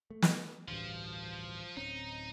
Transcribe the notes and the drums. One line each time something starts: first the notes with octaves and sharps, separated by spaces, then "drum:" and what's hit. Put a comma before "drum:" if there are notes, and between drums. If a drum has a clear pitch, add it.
A3
drum: snare
A1 D2 G2 F3
D1 C4 C#4 D#4